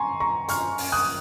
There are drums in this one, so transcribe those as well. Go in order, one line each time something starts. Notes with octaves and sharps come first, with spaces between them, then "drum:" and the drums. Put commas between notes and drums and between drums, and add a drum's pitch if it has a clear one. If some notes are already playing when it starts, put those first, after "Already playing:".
Already playing: G#5 A#5 C6 C#6
A#5 C#6
C#6 F6, drum: hi-hat
drum: open hi-hat
D#6 F#6